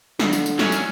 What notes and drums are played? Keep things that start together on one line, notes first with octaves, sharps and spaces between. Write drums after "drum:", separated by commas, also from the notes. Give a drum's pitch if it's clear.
D3, drum: snare
drum: tambourine
drum: tambourine
F#3 C#4, drum: snare
drum: tambourine